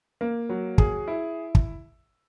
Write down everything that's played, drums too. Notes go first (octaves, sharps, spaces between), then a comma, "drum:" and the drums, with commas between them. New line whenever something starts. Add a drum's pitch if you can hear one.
A#3
F#3
G#4, drum: kick
E4
drum: kick